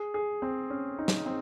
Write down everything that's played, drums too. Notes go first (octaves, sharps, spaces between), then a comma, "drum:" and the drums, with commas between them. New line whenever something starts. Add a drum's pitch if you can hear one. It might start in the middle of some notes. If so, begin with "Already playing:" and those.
Already playing: G#4
G#4
C4
C#4
D#4
drum: snare
C4